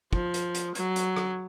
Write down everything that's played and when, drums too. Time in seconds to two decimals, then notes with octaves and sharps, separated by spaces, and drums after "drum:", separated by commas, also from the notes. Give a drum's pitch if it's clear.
0.13 F3, drum: kick
0.34 drum: hi-hat
0.54 drum: hi-hat
0.75 F#3, drum: hi-hat
0.96 drum: hi-hat
1.16 drum: rim click